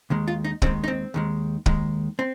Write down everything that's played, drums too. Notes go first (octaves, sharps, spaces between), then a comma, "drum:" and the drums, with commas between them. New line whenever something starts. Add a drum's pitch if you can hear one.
D#2 D#3 G#3
F4
D#4
D#2 D#3 G#3 C4, drum: kick
D#4
C4
D#2 D#3 G#3
D#2 D#3 G#3, drum: kick
C4